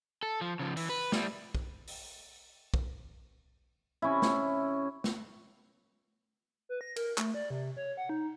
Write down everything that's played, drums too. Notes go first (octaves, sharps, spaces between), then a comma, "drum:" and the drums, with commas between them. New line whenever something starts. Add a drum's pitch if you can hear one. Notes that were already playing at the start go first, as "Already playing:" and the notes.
A4
F3
C#3 F3
E3, drum: open hi-hat
B4
G3 E4, drum: snare
drum: kick
drum: open hi-hat
drum: kick
C3 C#4 E4
drum: snare
drum: snare
B4
A#6
A#4, drum: cymbal
A3, drum: clap
D5
C3
C#5
F#5
D#4